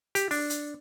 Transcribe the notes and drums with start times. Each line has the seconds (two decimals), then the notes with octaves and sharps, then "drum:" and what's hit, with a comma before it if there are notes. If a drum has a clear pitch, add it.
0.15 G4, drum: hi-hat
0.31 D4, drum: open hi-hat
0.50 drum: hi-hat